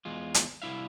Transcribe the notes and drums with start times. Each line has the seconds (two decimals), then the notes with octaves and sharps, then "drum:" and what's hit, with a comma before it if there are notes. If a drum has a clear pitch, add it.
0.05 E2 G#3 F4
0.34 drum: hi-hat
0.62 C2 E4 E5 F5